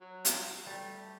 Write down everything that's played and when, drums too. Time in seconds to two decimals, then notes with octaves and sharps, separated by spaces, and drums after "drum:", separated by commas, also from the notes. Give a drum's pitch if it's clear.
0.01 F#3
0.25 drum: hi-hat
0.66 G3 A3